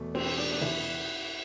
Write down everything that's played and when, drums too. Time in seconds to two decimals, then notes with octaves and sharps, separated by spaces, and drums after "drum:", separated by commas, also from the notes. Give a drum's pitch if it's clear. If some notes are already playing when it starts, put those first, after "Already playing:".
Already playing: E2 B2 A3
0.15 C4, drum: cymbal
0.38 D4
0.52 D4
0.61 E4, drum: tom B2